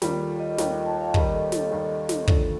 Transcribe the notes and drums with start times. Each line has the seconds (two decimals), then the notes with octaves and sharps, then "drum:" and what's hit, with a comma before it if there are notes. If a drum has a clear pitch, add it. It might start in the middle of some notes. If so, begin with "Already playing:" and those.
0.02 D#2 D#3 G3 F4, drum: snare
0.20 A4
0.39 D#5
0.58 D#2 D#3 G3 G5, drum: snare
0.72 G5
0.86 A5
1.01 F5
1.14 D#2 D#3 G3 D#5, drum: kick
1.33 A4
1.52 A4, drum: snare
1.71 D#2 D#3 G3
2.09 drum: snare
2.28 D#2 D3 F3 A3 D4 A4, drum: kick